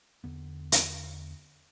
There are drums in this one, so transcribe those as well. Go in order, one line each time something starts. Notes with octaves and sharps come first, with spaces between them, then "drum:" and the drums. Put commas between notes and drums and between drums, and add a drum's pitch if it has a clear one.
E2 D3 B3
drum: hi-hat